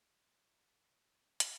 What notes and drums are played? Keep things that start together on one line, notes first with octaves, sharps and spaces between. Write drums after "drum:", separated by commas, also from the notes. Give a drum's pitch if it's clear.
G#2 D3
C#2, drum: hi-hat